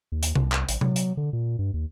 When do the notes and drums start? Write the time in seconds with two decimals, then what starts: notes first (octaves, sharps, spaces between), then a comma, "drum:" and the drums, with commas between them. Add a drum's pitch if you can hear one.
0.12 D#2
0.23 drum: hi-hat
0.35 C2, drum: tom C3
0.52 drum: clap
0.69 A1, drum: hi-hat
0.81 F#3, drum: tom C3
0.96 drum: hi-hat
1.17 D3
1.33 A#2
1.59 G2
1.74 D#2